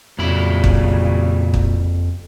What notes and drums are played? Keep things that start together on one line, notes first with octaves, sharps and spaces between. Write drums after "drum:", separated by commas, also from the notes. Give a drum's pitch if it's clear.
F2 A#2 C#3 F#3 G3 E4 B5
drum: kick
drum: kick